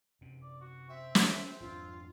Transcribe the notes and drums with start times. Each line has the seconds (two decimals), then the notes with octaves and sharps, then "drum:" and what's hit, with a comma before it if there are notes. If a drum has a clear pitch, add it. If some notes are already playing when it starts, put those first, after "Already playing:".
0.21 F#2 C3
0.42 D5
0.61 F#4
0.89 C4 E5
1.15 drum: snare
1.60 G#1 F2 D4 F4